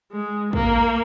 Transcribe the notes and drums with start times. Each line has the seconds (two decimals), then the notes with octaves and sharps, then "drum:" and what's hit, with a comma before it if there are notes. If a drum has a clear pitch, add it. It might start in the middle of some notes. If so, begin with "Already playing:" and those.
0.12 G#3
0.53 A#3, drum: kick